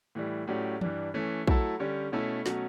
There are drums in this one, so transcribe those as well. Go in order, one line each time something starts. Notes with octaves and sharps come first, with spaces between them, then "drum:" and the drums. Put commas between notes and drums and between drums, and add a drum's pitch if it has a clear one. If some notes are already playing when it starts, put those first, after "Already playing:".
A2 E3 G3
A2 F#3 C#4 G4 D5
G2 E3 G3 D4, drum: tom E3
E3 A3 C#4
F#3 A3 E4 A4, drum: kick
D3 G3 C#4 G4 C#5
B2 A3 C#4 E4 A4
B2 F#3 A3 C#4, drum: snare